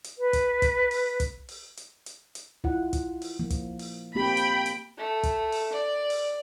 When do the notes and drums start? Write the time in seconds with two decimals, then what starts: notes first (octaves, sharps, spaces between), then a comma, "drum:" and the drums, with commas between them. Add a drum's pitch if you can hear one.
0.04 drum: hi-hat
0.18 B4
0.33 drum: kick, hi-hat
0.62 drum: kick, hi-hat
0.91 drum: open hi-hat
1.20 drum: kick, hi-hat
1.49 drum: open hi-hat
1.77 drum: hi-hat
2.06 drum: hi-hat
2.35 drum: hi-hat
2.64 E4 F4 F#5, drum: kick
2.93 drum: kick, hi-hat
3.22 drum: open hi-hat
3.39 F3 A#3
3.50 drum: kick, hi-hat
3.79 drum: open hi-hat
4.15 A#3 C4 G4 G5 B5
4.37 drum: hi-hat
4.66 drum: hi-hat
4.98 A3
5.23 drum: kick, hi-hat
5.52 drum: open hi-hat
5.73 D5
6.10 drum: open hi-hat